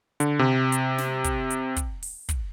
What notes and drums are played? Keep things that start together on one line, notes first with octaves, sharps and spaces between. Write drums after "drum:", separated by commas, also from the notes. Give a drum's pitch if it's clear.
D3, drum: hi-hat
C3
drum: hi-hat
drum: snare
drum: kick, hi-hat
drum: hi-hat
drum: kick, hi-hat
drum: open hi-hat
drum: kick, hi-hat